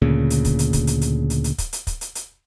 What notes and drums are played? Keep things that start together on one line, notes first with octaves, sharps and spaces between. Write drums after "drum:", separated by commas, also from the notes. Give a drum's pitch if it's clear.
D2 A#2 C#3
drum: hi-hat
drum: kick, hi-hat
drum: hi-hat
drum: kick, hi-hat
drum: hi-hat
drum: hi-hat
drum: hi-hat
drum: hi-hat
drum: kick, hi-hat
drum: hi-hat
drum: kick, hi-hat
drum: hi-hat
drum: hi-hat